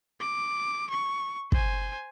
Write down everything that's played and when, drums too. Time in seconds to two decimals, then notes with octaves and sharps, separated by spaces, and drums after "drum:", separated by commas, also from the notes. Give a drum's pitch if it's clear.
0.20 D6
0.90 C#6
1.52 C5 G#5, drum: kick